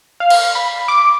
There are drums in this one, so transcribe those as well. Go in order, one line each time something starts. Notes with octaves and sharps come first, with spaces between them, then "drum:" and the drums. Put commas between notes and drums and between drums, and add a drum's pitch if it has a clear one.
F5
drum: cymbal
B5
D6